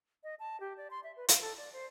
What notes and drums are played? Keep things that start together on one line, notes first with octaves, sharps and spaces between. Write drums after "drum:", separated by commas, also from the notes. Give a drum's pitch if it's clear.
D#5
A5
G4
D5
C6
E5
B4
F5, drum: hi-hat
A4
D5
C5